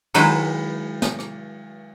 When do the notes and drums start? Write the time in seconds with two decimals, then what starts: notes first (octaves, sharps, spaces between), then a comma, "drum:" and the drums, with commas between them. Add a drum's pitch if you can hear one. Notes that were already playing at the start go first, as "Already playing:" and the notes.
0.14 D#3 F#3 G#3 E4 B4 C5, drum: cymbal
1.02 drum: snare
1.19 drum: rim click